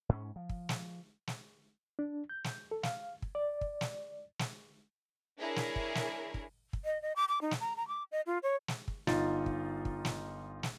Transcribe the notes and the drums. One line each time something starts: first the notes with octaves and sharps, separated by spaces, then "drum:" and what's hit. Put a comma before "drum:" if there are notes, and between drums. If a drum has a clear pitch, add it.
G#2 C#4
F3
drum: kick
drum: snare
drum: snare
D4
G6
drum: snare
A4
F5, drum: snare
drum: kick
D5
drum: kick
drum: snare
drum: snare
D4 E4 G#4 A#4 C#5
drum: snare
drum: kick
drum: snare
drum: kick
drum: kick
D#5
D#5
D6
D6
D#4
drum: snare
A#5
A#5
D6
D#5
F4
C#5
drum: snare
drum: kick
G1 D#4 F4 A6, drum: snare
drum: kick
drum: kick
drum: snare
drum: snare